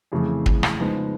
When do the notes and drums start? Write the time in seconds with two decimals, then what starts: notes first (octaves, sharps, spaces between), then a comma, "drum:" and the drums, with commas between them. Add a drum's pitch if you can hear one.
0.12 F2 C#3 E3 A3
0.46 drum: kick
0.63 drum: rim click
0.80 C#3 F3 G#3 B3 D#4